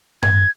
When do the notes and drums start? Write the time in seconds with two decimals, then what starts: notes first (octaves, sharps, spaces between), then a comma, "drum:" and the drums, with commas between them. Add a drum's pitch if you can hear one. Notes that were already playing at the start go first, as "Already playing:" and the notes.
0.23 G#6, drum: tom G2